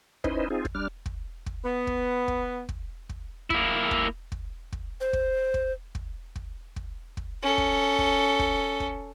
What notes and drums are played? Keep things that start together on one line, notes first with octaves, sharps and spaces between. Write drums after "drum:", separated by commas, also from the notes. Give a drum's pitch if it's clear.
C#4 D#4 E4 B4 C5 D#5, drum: kick
C4 D#4 F4 G#4
drum: kick
G3 D4 F6
drum: kick
drum: kick
B3
drum: kick
drum: kick
drum: kick
drum: kick
A#3 E4, drum: kick
drum: kick
drum: kick
drum: kick
C5
drum: kick
drum: kick
drum: kick
drum: kick
drum: kick
drum: kick
C#4 A4
drum: kick
drum: kick
drum: kick
drum: kick